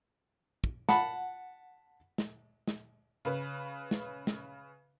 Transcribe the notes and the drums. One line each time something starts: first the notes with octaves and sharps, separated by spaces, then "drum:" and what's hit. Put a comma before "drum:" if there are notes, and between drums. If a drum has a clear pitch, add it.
drum: kick
F#5 A5 B5, drum: snare
drum: snare
drum: snare
C#3 B4
drum: snare
drum: snare